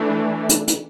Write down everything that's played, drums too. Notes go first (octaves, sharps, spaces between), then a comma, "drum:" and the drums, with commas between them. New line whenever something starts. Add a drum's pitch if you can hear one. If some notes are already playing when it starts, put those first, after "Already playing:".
Already playing: E3 A3 D4
drum: hi-hat
drum: hi-hat